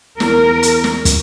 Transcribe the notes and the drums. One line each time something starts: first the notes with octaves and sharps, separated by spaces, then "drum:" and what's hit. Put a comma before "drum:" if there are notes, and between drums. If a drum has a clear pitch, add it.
E2 A#4, drum: snare
drum: hi-hat
drum: snare
drum: kick, hi-hat